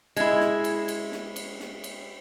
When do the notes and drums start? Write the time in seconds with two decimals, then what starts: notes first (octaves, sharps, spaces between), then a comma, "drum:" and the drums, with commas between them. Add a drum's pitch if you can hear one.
0.16 G#3 E4, drum: cymbal
0.40 drum: snare
0.64 drum: cymbal
0.88 drum: cymbal
1.12 drum: snare
1.36 drum: cymbal
1.60 drum: snare
1.84 drum: cymbal